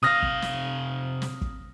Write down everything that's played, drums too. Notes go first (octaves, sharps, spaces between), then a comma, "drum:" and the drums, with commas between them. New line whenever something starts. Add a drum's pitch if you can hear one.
C3 F5 D#6 F6 A#6
drum: kick
drum: snare
drum: snare
drum: kick